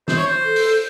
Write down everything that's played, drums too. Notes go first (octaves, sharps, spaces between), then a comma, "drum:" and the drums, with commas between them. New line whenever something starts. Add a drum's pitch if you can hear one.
C5, drum: snare
C#5
C5
A4
drum: open hi-hat